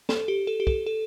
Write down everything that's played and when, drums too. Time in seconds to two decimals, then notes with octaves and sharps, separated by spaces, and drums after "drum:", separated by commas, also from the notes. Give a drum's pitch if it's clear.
0.09 A4, drum: snare
0.28 G4
0.47 A4
0.60 G4
0.67 A4, drum: kick
0.86 A4